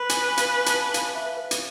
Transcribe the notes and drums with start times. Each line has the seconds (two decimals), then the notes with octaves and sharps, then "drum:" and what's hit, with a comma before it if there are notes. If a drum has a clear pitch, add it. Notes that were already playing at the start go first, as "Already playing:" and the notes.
Already playing: B4 B5
0.09 G#5, drum: hi-hat
0.28 G#5
0.37 F5, drum: hi-hat
0.66 A5, drum: hi-hat
0.94 F5, drum: hi-hat
1.15 E5
1.37 B4
1.51 drum: hi-hat